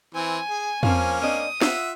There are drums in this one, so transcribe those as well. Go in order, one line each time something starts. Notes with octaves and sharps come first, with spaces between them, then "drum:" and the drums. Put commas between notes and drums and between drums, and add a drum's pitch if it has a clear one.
E3 C4 G#5
G#4
F3 A#3 C4 C#4 F5, drum: tom
C4 D4 D#5 D#6
F4 E5 F#5, drum: snare